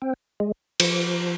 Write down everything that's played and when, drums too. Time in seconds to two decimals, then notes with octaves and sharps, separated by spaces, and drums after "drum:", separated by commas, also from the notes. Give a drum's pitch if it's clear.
0.02 C4
0.40 G#3
0.80 F3, drum: cymbal